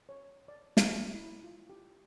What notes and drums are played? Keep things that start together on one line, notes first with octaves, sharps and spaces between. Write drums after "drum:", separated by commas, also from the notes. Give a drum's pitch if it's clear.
C#5
D5
A#5, drum: snare
E4
F4
G4